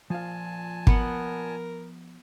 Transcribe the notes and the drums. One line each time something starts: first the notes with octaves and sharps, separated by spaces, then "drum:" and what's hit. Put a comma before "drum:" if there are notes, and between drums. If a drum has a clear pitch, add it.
A#2 F3 F5 G#5 A5
B3 A#4 F#5, drum: kick